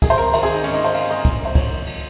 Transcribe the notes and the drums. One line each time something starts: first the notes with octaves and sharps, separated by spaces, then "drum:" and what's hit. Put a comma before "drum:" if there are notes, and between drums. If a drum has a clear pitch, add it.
D#3 G#4, drum: kick, cymbal
C5
G#1 A#4
D#3 C5, drum: cymbal
G#4
G#1
D#4
G#2 C#4, drum: cymbal
D#4
G#2
C5
G#2 F5, drum: cymbal
G#2 D#5
A#1, drum: kick
D#3 C5
A#1 C#5, drum: kick, cymbal
D#3
drum: cymbal